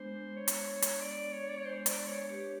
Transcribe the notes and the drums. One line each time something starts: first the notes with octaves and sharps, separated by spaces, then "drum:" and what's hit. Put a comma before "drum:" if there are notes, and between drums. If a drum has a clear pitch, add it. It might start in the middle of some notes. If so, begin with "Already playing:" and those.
Already playing: G#3 B3 D4 C5
G#3 B3 D4 C#5
drum: hi-hat
drum: hi-hat
G#3 B3 D4 D5
C#5
D5
C#5
G#3 B3 D4 C5
D5, drum: hi-hat
C#5
D4 G4 B4 C#5